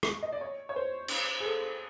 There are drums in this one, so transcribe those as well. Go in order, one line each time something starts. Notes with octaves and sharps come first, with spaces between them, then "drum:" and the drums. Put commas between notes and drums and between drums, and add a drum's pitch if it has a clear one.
drum: rim click
D#5
D5
C#5
C#5
C5
drum: cymbal
G#4
A4